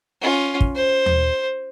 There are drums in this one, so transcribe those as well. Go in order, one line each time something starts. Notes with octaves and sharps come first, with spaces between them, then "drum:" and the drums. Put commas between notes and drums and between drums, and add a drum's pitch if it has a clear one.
C#4 F4
drum: kick
C5
drum: tom D#2